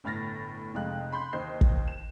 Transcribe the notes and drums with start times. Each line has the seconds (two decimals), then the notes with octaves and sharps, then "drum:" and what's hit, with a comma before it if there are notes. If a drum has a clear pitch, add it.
0.04 G1 A2 F6 A6 A#6
0.74 F1 F2 G#3 F5 F#6
1.13 B5 C6 F#6 G6
1.33 D#2 C5 D#5 G6 C7
1.61 drum: kick
1.88 E7